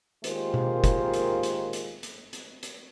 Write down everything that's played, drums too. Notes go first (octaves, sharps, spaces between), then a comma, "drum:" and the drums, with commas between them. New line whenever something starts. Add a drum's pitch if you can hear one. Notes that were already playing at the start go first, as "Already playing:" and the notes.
D#3 G#3 A#3 F4 G4 C5, drum: hi-hat
drum: tom B2
drum: kick, hi-hat
drum: hi-hat
drum: hi-hat
drum: hi-hat
drum: hi-hat
drum: hi-hat
drum: hi-hat